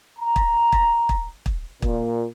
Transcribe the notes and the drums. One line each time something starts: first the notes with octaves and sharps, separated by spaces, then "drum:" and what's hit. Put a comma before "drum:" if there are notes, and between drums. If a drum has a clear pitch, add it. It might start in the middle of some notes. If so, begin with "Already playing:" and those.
A#5
drum: kick
drum: kick
drum: kick
drum: kick
A#2, drum: kick